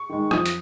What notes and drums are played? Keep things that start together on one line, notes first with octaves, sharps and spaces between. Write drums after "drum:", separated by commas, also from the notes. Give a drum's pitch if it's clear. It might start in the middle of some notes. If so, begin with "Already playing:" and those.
Already playing: C#6
D#3 G#3
F2 D#6, drum: rim click
drum: hi-hat